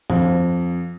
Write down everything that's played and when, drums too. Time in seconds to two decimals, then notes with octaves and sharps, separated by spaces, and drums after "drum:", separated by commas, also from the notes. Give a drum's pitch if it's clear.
0.10 F2, drum: tom G2